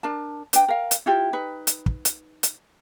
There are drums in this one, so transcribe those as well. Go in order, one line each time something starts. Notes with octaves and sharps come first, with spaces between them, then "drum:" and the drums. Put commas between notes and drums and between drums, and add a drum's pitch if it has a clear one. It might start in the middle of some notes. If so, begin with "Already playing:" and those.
D4 A#4 A5
D4 B4 G5, drum: hi-hat
A#4 F5
drum: hi-hat
E4 F4 G4
D#4 B4
drum: hi-hat
drum: kick
drum: hi-hat
drum: hi-hat